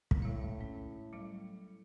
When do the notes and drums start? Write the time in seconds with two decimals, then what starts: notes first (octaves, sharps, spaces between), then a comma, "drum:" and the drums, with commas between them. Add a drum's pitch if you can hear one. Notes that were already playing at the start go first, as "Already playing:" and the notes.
0.11 drum: kick
0.22 A2 G#3 F5
0.61 C#4
1.13 F#3 G3